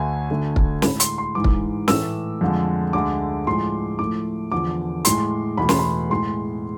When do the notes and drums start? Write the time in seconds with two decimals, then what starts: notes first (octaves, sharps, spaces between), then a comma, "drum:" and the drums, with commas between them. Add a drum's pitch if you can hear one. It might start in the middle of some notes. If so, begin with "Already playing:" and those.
Already playing: D2 D3 A3 G#5
0.30 D2 D3 A3
0.56 drum: kick
0.82 A2 G#3 B5, drum: snare
1.00 C6, drum: hi-hat
1.18 C6
1.35 G#2 E3 G#3 D6
1.44 drum: kick
1.88 A2 E3 A3 E6, drum: snare
2.41 F2 D3 G#3
2.93 D2 D3 G#3 D6
3.47 A2 F3 G#3 C6
3.99 A2 F3 A3 D6
4.52 E2 D3 F3 D6
5.05 A2 G#3 C6, drum: hi-hat
5.57 E2 B2 A3 B5
5.69 C6, drum: snare
5.79 B5
6.10 A2 G#3 C6